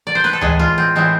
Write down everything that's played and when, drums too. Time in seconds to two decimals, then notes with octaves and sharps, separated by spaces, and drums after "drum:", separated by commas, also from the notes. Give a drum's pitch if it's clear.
0.07 D5
0.15 C5
0.24 B4, drum: snare D#4
0.33 A4
0.41 A2 E3 G#3 G#4, drum: tom D2
0.59 F4
0.78 C4
0.96 A2 E3 G#3 C4